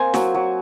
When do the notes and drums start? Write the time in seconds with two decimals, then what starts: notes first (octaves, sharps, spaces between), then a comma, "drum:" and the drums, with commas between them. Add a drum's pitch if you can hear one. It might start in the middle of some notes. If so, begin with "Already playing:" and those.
Already playing: A#3 C4 G#5
0.14 F#3, drum: snare
0.34 F#3